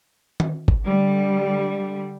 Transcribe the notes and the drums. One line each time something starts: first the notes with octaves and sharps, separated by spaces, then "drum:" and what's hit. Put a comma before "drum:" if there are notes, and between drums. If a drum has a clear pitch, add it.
drum: tom D#3
drum: kick
D3 G3